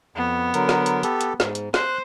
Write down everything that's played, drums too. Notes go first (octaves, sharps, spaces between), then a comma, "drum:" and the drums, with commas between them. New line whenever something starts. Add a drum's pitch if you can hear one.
F2 B3
D3 F#3 A#4, drum: hi-hat
drum: snare
drum: hi-hat
G4 A4, drum: hi-hat
drum: hi-hat
G#2, drum: snare
drum: hi-hat
C5 F#6, drum: snare